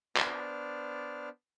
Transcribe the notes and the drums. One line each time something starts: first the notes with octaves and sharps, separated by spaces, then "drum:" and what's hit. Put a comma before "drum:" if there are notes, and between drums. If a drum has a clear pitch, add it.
B3 D4 C5 D5 F6, drum: clap